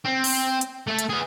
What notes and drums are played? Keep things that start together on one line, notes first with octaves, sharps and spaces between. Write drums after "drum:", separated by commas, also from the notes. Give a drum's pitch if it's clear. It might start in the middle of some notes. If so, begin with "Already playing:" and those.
C4
drum: open hi-hat
drum: hi-hat
A3 A4
drum: hi-hat
B3 G#4